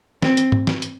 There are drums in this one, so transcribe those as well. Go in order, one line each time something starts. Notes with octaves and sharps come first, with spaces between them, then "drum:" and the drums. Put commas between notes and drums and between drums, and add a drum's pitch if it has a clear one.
C4, drum: snare
drum: hi-hat
drum: tom G#2
drum: snare
drum: hi-hat